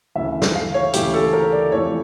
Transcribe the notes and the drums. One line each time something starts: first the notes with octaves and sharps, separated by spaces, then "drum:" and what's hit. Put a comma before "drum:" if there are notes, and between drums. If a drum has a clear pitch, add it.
D2 C#3 E3 A3 E5
drum: snare
F5
C#5
D2 C#3 E3 A3 G4, drum: hi-hat
A4
A#4
D5
F2 E3 A3 C#5